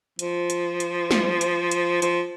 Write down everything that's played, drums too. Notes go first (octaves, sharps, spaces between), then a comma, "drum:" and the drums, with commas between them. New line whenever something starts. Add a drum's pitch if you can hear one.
F3, drum: hi-hat
drum: hi-hat
drum: hi-hat
drum: snare
drum: hi-hat
drum: hi-hat
F3, drum: hi-hat